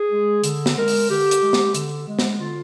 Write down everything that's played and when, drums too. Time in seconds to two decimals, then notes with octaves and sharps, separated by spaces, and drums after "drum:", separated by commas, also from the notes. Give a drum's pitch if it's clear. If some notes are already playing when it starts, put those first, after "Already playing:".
Already playing: G#4
0.11 G#3
0.44 D3, drum: hi-hat
0.66 drum: snare
0.77 G#3 A#4
0.88 drum: open hi-hat
1.10 D3 G4
1.31 drum: hi-hat
1.42 G#3
1.53 drum: snare
1.74 D3, drum: hi-hat
2.08 G#3
2.19 drum: snare
2.40 D3 F4